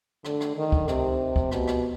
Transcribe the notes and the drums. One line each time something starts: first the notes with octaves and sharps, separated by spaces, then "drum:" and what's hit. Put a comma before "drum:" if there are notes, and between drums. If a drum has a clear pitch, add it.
D3, drum: rim click
drum: rim click
D#3
drum: kick C#2
C3, drum: rim click
drum: kick C#2
B2, drum: rim click
drum: rim click